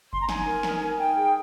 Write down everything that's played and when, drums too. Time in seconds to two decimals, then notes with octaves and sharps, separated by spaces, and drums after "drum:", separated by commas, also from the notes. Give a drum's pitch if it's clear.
0.13 C6, drum: kick F#1
0.21 A#5
0.29 D#4 G#5, drum: snare
0.46 A#4
0.63 D#4, drum: snare
0.81 A#4
0.98 D#4 G5
1.16 G#4